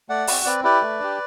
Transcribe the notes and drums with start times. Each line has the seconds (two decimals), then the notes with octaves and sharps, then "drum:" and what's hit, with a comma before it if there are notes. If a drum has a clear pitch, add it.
0.09 A3 D5 F#5
0.27 C4 F#4, drum: open hi-hat
0.45 C4 B4 D5
0.63 E4 G4 B4 D5
0.82 A3
1.00 D4 G4